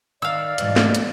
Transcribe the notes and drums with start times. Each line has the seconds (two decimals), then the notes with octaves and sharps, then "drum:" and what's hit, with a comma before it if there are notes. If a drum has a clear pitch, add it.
0.22 D#3 D5 D#5 F5 E6
0.58 G#2 B2 E3, drum: hi-hat
0.76 drum: snare
0.95 drum: hi-hat